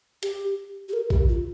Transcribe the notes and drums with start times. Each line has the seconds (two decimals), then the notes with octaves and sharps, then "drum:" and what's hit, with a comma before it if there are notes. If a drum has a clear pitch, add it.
0.23 G4, drum: hi-hat
0.89 G4
0.93 A#4
1.10 G4, drum: kick A#1
1.29 F4